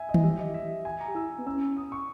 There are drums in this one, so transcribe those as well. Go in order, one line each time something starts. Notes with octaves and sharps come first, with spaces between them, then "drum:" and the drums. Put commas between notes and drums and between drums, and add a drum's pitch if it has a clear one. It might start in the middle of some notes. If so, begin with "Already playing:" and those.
Already playing: E5 G#5
D#5
E4, drum: tom D#3
G4 E5
D#5
E5
G#5
A#5
G4
E4 E6
B3
C#4 E6
D#6
C#6